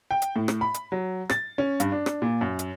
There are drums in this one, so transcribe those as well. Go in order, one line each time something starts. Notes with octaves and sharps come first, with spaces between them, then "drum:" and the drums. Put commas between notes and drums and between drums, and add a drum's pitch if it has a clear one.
G5
drum: hi-hat
A2
drum: rim click
B5
drum: hi-hat
F#3
A6, drum: rim click
C#4
G2, drum: hi-hat
D4
drum: rim click
A#2
F#2
drum: hi-hat